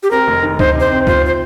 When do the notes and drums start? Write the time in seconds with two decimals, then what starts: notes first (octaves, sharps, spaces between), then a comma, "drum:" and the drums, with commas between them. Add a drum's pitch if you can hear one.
0.03 G4
0.11 C4 A#4
0.28 F1
0.43 D#3
0.59 D#4 C5, drum: kick
0.75 C3 C5
0.91 C4
1.07 F4 C5, drum: kick
1.26 C5